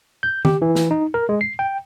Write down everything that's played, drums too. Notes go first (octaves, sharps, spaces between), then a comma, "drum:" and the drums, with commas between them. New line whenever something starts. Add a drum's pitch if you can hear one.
G6
G4, drum: tom
E3
drum: snare
D#4
A#4
G#3
C7
G5